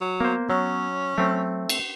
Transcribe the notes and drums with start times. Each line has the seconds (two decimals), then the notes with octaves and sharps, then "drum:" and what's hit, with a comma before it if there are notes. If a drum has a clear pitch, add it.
0.01 F#3
0.20 A#3 B3 C5
0.50 F#3 C#4
1.18 F#3 A3 C4
1.69 drum: cymbal